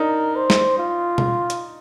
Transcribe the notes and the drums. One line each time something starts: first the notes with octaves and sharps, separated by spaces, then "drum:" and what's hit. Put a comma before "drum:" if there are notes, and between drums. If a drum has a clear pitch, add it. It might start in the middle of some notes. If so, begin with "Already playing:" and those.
Already playing: D4 D#4 A#4
C5
drum: snare
F4
drum: tom B2
drum: hi-hat